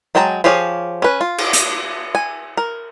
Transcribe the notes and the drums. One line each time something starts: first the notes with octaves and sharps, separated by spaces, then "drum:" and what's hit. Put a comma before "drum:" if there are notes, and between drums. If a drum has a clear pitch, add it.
F#3 G#3 G5 A5 A#5
F3 G4 G#4 C#5 F5
C#4 B4
F4
drum: cymbal
drum: hi-hat
G#5
A#4